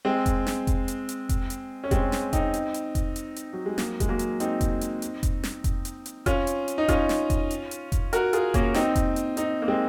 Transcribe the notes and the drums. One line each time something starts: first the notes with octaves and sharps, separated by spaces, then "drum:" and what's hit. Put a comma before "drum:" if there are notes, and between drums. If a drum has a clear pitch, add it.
G#3 C4
drum: kick F1, hi-hat
drum: snare
drum: kick F1, hi-hat
drum: hi-hat
drum: hi-hat
drum: kick F1, hi-hat
drum: hi-hat
C#4
G#3 C4, drum: kick F1, hi-hat
drum: snare
C4 D#4, drum: kick F1, hi-hat
drum: hi-hat
drum: hi-hat
drum: kick F1, hi-hat
drum: hi-hat
drum: hi-hat
F#3
G#3
F#3 A#3, drum: snare
G#3, drum: kick F1, hi-hat
F#3 A#3
drum: hi-hat
C4 D#4, drum: hi-hat
drum: kick F1, hi-hat
drum: hi-hat
drum: hi-hat
drum: kick F1, hi-hat
drum: snare
drum: kick F1, hi-hat
drum: hi-hat
drum: hi-hat
C#4 F4, drum: kick F1, hi-hat
drum: hi-hat
drum: hi-hat
D#4
C#4 F4, drum: kick F1, hi-hat
drum: snare
drum: kick F1, hi-hat
drum: hi-hat
drum: hi-hat
drum: kick F1, hi-hat
F#4 A#4, drum: hi-hat
F4 G#4, drum: hi-hat
A#3 C#4, drum: kick F1, hi-hat
C4 D#4, drum: snare
drum: kick F1, hi-hat
drum: hi-hat
C4 D#4, drum: hi-hat
A#3
G#3 C4